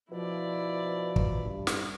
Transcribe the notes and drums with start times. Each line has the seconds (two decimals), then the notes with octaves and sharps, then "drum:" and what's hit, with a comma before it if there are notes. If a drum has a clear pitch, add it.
0.11 B2 F3 E4 D5
1.16 drum: kick
1.41 G2
1.67 drum: snare